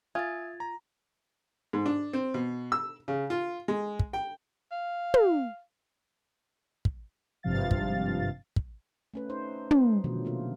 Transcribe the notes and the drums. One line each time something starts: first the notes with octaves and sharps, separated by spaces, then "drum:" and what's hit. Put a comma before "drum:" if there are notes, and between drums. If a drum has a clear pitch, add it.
F4 E5 G#5 D#6 G#6 A6
A#5
G#2
D4
C4
B2
E6
C#3
F4
G#3
drum: kick
G5
F5
drum: tom
drum: kick
G#1 G2 C3 F3 F5 A6
drum: kick
drum: kick
A3 C#4 B4
D#4 C5
drum: tom
B2 D3 D#3 F3 F#3 A3
C3 A#3 F4